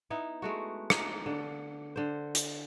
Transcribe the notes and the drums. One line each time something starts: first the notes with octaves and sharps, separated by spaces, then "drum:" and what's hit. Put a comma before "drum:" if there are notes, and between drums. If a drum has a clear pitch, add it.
B3 D#4 E4
G#3 A3 F#4
D#4, drum: rim click
D3
D3 C5
drum: hi-hat